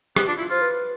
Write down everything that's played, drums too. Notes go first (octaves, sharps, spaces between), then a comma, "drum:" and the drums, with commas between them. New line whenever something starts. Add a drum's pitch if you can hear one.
B3 G4, drum: rim click
D4 F4
E4 F4
F4 C5
B4